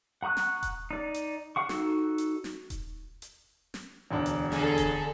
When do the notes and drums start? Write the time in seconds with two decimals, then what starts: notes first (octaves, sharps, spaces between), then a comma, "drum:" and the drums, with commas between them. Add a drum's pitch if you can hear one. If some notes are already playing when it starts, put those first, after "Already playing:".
0.23 F#5 A#5 C#6 D#6 F#6
0.37 drum: snare
0.63 drum: kick D#1, hi-hat
0.91 D#4 D5
1.14 drum: hi-hat
1.56 F5 F#5 C#6
1.69 D#4 F#4 A4, drum: snare
2.18 drum: hi-hat
2.44 drum: snare
2.70 drum: kick D#1, hi-hat
3.22 drum: hi-hat
3.74 drum: snare
4.11 E1 D2 D4
4.26 drum: hi-hat
4.52 D3 G#4 A4, drum: snare
4.78 drum: kick D#1, hi-hat